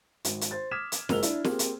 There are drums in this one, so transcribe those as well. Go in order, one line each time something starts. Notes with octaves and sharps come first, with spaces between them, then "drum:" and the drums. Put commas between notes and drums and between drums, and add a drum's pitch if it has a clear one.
G#1, drum: hi-hat
drum: hi-hat
C5 A6
D6 D#6 F6 G#6 B6 E7
drum: hi-hat
F#1 G#3 A#4 E6 F7 G7, drum: snare
D4 E4, drum: hi-hat
A#3 C4 G4 G#4, drum: snare
drum: hi-hat